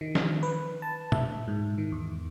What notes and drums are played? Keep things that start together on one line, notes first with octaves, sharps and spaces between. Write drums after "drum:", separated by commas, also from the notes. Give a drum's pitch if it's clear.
D#3
drum: snare
B4
A5
E5, drum: tom A#2
G#2
D#3
E2